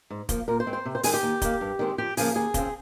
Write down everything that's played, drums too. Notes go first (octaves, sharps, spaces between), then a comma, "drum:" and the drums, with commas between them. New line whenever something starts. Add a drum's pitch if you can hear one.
G#2
F3 A#3, drum: kick, hi-hat
A#2 A#4
C5
G#3 C4
C5
C3
C5
D#3 G#3 C4 G#4, drum: open hi-hat
G4
D#2
D#3 A#3, drum: kick, hi-hat
G2
D#3 G#3 C4
F2 G4
C#3 F3 A#3 G#4, drum: open hi-hat
D#2 G#4
C#3 F3 C4, drum: kick, hi-hat